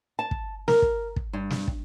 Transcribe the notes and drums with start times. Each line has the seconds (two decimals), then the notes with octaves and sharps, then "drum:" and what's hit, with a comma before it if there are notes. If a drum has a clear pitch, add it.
0.19 A5
0.31 drum: kick
0.68 A#4, drum: snare
0.82 drum: kick
1.16 drum: kick
1.33 G2
1.50 drum: snare
1.68 drum: kick